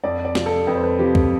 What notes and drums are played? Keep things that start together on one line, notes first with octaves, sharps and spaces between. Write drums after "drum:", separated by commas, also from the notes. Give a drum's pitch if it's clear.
F2 D5
D5
C3 F3, drum: snare
A4
F2 B4
C5
B4
C3 F3 G4
drum: kick C#2